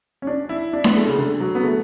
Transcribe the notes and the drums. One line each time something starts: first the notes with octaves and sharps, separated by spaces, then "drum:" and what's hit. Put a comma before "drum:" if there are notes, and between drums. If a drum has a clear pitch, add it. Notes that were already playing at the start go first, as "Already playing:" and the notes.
C#4
D4
E4
D4
B3, drum: snare D4
A3
C#3
D3
F#3
B3
A3